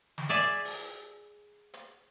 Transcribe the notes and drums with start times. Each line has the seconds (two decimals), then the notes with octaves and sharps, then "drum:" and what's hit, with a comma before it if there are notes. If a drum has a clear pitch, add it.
0.18 drum: snare
0.29 G#4 D5 E5
0.65 drum: open hi-hat
1.74 drum: hi-hat